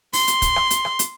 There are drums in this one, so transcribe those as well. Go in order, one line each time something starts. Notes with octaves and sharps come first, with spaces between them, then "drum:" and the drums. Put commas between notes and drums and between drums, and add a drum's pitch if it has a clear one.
C6, drum: open hi-hat
drum: hi-hat
drum: kick, hi-hat
drum: rim click
drum: hi-hat
drum: rim click
drum: hi-hat